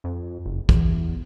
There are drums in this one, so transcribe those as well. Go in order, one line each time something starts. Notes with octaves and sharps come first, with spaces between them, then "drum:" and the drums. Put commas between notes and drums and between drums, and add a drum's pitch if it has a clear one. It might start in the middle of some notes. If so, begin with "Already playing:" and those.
F2
F#1
E2, drum: kick